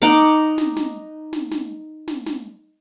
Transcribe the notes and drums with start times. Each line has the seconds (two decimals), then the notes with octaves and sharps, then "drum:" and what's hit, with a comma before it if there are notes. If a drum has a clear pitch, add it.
0.02 D#4 F#5 D6, drum: snare
0.58 drum: snare
0.77 drum: snare
1.33 drum: snare
1.51 drum: snare
2.08 drum: snare
2.26 drum: snare